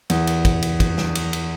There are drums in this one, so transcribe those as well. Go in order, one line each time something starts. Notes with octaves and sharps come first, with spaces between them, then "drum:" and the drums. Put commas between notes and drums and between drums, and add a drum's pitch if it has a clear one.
E2, drum: cymbal
drum: cymbal
drum: kick, cymbal
drum: cymbal
drum: kick, cymbal
drum: snare
drum: cymbal
drum: cymbal